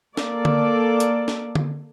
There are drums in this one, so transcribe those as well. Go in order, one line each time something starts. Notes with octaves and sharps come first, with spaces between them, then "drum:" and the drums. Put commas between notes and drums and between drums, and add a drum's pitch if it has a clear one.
A#3 A4 D5, drum: snare
drum: tom D3
drum: hi-hat
drum: snare
drum: tom D3